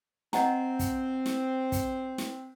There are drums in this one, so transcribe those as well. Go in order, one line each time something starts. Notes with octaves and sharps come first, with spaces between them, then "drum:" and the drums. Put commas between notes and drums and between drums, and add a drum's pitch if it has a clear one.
C4 D#5 F#5 A#5, drum: snare
drum: kick, hi-hat
drum: snare
drum: kick, hi-hat
drum: snare